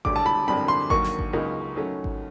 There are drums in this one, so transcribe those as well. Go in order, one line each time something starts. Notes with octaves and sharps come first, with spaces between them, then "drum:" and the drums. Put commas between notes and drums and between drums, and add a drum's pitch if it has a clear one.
E1 D2 D3 G3 D6, drum: kick G#1
A5
B5
G#1 F#2 D3 G3 C4 B5
C6
D#2 D3 F#3 A#3 C#6, drum: kick G#1
drum: snare
drum: kick G#1
C#2 C#3 F#3 A#3 D#4
D#3 F#3 A3 C#4
drum: kick G#1